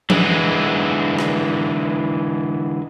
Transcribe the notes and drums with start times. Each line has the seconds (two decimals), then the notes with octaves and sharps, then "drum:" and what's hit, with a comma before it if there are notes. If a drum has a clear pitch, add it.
0.10 D3 E3 G#3, drum: tom E3
1.19 drum: rim click